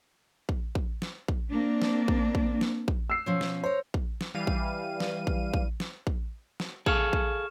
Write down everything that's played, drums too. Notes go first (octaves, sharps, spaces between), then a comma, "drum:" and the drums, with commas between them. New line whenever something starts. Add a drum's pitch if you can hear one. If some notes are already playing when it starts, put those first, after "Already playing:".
drum: kick
drum: kick
drum: snare
drum: kick
A#3 C4 D4
drum: snare
drum: kick
drum: kick
drum: snare
drum: kick
E6 C7
B2 F3 C#4
drum: snare
A#4 C5 C#5
drum: kick
drum: snare
E3 G3 F5 D#7
drum: kick
drum: snare
drum: kick
drum: kick
drum: snare
drum: kick
drum: snare
G#4 A4 F5 C#6 F6 E7, drum: kick
drum: kick